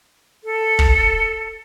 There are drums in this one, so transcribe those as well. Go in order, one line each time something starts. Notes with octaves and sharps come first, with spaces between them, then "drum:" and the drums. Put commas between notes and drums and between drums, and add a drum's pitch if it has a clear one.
A4
drum: kick